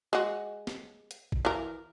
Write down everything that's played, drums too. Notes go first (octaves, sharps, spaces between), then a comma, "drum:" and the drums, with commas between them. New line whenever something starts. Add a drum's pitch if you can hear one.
G#3 F#4
drum: snare
drum: hi-hat
drum: kick A1
E3 A#4